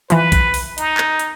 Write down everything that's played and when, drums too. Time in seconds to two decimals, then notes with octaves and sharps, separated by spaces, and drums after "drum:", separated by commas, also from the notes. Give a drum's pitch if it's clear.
0.10 E3 F3 B4, drum: hi-hat
0.32 drum: kick B1, hi-hat
0.54 drum: open hi-hat
0.78 D#4, drum: hi-hat
0.98 drum: clap
1.19 drum: hi-hat